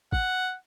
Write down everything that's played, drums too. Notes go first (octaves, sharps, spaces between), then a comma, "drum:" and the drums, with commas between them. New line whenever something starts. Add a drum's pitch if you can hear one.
F#5, drum: kick